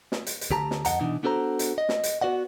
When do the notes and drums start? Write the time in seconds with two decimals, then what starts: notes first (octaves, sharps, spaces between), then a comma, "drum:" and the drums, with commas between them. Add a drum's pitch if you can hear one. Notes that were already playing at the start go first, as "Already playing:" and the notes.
0.12 drum: snare
0.27 drum: hi-hat
0.41 drum: hi-hat
0.51 D2 G4 A5 A#5
0.71 drum: snare
0.85 F2 A3 D#5 F#5 A5 A#5, drum: hi-hat
1.00 B2 E3 D4 D#4
1.23 B3 D4 F#4 A4 C5 A#5
1.59 drum: hi-hat
1.78 D#5
1.89 drum: snare
2.04 drum: hi-hat
2.21 B3 F#4 D5 D#5 F#5